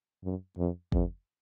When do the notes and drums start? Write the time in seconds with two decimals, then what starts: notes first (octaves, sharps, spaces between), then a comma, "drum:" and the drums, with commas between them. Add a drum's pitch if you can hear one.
0.24 F#2
0.58 F2
0.92 F2, drum: kick